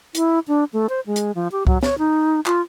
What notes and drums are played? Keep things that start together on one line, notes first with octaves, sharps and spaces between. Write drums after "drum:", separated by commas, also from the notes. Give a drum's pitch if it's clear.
E4, drum: hi-hat
D4
A3
C5
G#3
drum: hi-hat
F3
G4
F#3, drum: kick C2
C#5, drum: snare
D#4
F4, drum: clap